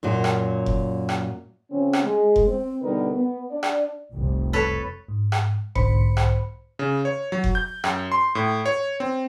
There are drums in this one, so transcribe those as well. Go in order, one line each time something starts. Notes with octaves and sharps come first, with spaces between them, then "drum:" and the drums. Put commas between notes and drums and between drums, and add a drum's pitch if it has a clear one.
F#2 A#2 F#3
drum: rim click
drum: kick F1
drum: rim click
C#3 F3 C4 C#4
drum: rim click
G#3
drum: kick F1
C4
B2 D3 G3 D#4 A#4 B4
B3
D4 D5
drum: rim click
F1 C2
A4 B4 C#5
G#2
drum: rim click
B1 G#2 D3 C5 B5 C#7, drum: kick F1
drum: rim click
C#3
C#5
F#3
drum: kick F1
G6
F#2, drum: rim click
C6
A2
C#5
C4